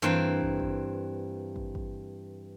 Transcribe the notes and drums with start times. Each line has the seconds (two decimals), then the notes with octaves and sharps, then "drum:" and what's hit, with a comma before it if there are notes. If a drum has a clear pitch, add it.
0.02 G2 E3 A#3 C4 G5
0.41 drum: kick
0.60 drum: kick
1.56 drum: kick
1.75 drum: kick